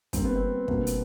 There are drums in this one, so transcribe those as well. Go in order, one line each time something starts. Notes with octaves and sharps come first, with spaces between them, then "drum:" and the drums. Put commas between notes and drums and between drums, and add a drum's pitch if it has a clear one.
D3 G3 A#3 C4, drum: kick, hi-hat
B3
C4
B2 G3 A#3 D4 F#4, drum: kick
drum: hi-hat